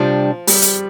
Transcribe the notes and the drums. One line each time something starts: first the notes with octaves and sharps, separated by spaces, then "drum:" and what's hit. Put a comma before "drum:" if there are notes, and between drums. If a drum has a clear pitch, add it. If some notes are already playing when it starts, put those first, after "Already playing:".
Already playing: C3 F3 G3 D4
G3, drum: open hi-hat
drum: hi-hat